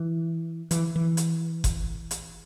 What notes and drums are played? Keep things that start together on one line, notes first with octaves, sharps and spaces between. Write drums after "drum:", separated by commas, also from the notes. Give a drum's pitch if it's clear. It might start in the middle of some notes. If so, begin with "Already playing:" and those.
Already playing: E3
E3, drum: hi-hat
E3
drum: hi-hat
drum: kick F#1, hi-hat
drum: hi-hat